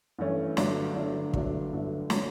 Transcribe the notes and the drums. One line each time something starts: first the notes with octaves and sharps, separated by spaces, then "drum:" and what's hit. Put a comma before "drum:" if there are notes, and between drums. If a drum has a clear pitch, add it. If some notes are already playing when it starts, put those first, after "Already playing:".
G2 E3 A3 C#4
G1 G2 F#3 A3 D4, drum: snare
G1 G2 F#3 A3 D4
G1 G2 F#3 A3 D4, drum: kick
G1 G2 F#3 A3 D4
D3 F#3 C#4, drum: snare